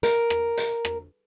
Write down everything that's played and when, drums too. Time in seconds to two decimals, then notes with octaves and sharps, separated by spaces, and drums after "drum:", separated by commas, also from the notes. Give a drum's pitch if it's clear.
0.03 A#4, drum: hi-hat
0.30 drum: rim click
0.57 drum: hi-hat
0.85 drum: rim click